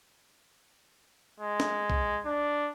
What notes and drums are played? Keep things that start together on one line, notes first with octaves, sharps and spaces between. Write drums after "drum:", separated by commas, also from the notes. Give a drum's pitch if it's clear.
G#3
drum: snare
drum: kick
D4